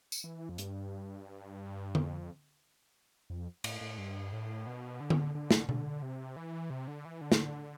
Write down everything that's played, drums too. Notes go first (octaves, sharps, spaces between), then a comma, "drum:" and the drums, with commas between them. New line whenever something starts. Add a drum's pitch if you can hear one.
drum: tambourine
E3
F2
G2, drum: hi-hat
F2, drum: tom D3
F2
A2, drum: cymbal
A2
G2
A2
B2
D3
drum: tom D3
D3
drum: snare
D3, drum: tom B2
C3
E3
C3
D3
E3
D3
drum: snare